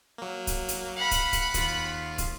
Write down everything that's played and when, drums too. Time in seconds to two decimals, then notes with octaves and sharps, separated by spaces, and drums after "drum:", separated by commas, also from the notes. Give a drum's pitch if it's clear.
0.18 F#3 A#3
0.47 drum: kick, hi-hat
0.68 drum: hi-hat
0.97 F5 F#5 B5
1.11 drum: kick, hi-hat
1.33 drum: kick, hi-hat
1.54 D#2 F4, drum: kick, hi-hat
2.18 drum: kick, hi-hat